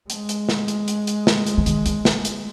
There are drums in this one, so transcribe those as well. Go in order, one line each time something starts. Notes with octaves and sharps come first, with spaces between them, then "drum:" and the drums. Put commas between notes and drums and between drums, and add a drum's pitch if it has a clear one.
G#3, drum: hi-hat
drum: hi-hat
drum: snare
drum: hi-hat
drum: hi-hat
drum: hi-hat
drum: snare
drum: hi-hat
E3
D#3, drum: hi-hat
D#3, drum: hi-hat
drum: snare
drum: hi-hat